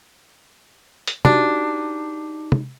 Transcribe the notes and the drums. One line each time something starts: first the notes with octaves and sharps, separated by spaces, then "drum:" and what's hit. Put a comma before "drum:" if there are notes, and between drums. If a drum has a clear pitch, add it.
drum: hi-hat
D4 D#4 F#4 G4, drum: tom
drum: tom